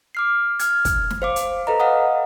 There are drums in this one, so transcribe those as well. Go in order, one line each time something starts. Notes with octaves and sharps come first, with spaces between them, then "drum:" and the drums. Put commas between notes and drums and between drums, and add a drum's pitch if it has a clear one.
D6 F6 C7
F6 G#6, drum: hi-hat
drum: kick, hi-hat
drum: snare
C5 F5 D6
drum: hi-hat
A4 B4 D#5 A#5
D#5 F5 F#5 D#6